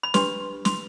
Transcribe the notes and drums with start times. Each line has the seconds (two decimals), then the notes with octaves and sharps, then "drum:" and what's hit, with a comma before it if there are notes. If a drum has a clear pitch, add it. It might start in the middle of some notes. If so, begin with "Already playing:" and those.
0.03 B5
0.14 D4 G4 B4 C6, drum: snare
0.65 C6, drum: snare